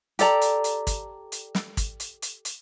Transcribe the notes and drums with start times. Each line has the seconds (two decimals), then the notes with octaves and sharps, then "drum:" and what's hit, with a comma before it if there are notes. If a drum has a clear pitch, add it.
0.19 G4 A4 D5 A#5, drum: hi-hat
0.42 drum: hi-hat
0.64 drum: hi-hat
0.87 drum: kick, hi-hat
1.32 drum: hi-hat
1.55 drum: snare
1.77 drum: kick, hi-hat
2.00 drum: hi-hat
2.22 drum: hi-hat
2.45 drum: hi-hat